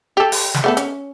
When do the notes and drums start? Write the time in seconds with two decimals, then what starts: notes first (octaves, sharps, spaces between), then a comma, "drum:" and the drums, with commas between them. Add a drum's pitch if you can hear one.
0.17 G4 A4
0.32 drum: open hi-hat
0.54 drum: snare
0.64 A3 B3 A4
0.77 C#4, drum: hi-hat